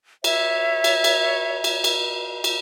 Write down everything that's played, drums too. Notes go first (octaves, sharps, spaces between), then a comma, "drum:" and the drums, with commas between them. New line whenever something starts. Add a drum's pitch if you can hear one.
C#5 E5, drum: cymbal
drum: cymbal
drum: cymbal
drum: cymbal
drum: cymbal
drum: cymbal